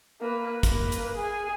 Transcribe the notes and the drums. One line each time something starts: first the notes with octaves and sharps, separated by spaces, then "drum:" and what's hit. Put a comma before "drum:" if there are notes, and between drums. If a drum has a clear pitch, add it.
A#3 B4
A#3 B4, drum: kick, hi-hat
drum: hi-hat
G#4 G#5